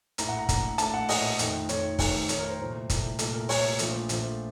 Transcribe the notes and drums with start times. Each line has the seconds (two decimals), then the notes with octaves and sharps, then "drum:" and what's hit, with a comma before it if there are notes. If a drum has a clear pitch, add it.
0.18 A#1 A2 A3 A#5, drum: hi-hat
0.29 F#5
0.39 A#5
0.49 A#1 A2 A3, drum: kick, hi-hat
0.78 A#1 A2 A3 A5, drum: hi-hat
0.94 F#5
1.09 A#1 A2 A3 D#5, drum: open hi-hat
1.39 F2 D#3 A3, drum: hi-hat
1.69 F2 D#3 A3 C#5, drum: hi-hat
1.99 F2 D#3 A3, drum: kick, open hi-hat
2.29 F2 D#3 A3 C#5, drum: hi-hat
2.39 A#4
2.49 C5
2.59 C2 A#2 A3
2.90 C2 A#2 A3, drum: kick, hi-hat
3.19 C2 A#2 A3 A4, drum: hi-hat
3.34 A#4
3.49 C2 A#2 A3 C#5, drum: open hi-hat
3.79 A#1 A#2 F3 A3, drum: hi-hat
4.09 A#1 A#2 F3 A3, drum: hi-hat